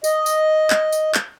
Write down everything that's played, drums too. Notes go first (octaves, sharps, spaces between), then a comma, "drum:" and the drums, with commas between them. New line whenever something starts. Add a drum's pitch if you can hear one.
D#5, drum: tambourine
drum: tambourine
drum: clap
drum: tambourine
drum: clap